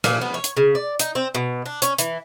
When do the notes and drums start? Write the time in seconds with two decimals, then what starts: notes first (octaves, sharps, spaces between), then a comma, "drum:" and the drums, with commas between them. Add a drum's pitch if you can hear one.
0.04 A#2, drum: rim click
0.21 B3
0.34 C#5
0.44 drum: hi-hat
0.57 C#3
0.75 D5
0.99 D#4, drum: hi-hat
1.15 C4
1.35 B2
1.66 D4
1.82 C#4, drum: hi-hat
1.98 E3, drum: hi-hat